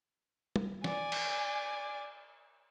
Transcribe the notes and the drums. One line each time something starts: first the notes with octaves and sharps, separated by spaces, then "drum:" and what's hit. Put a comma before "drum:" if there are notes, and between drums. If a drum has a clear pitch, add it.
drum: tom
D5 G#5, drum: snare
drum: cymbal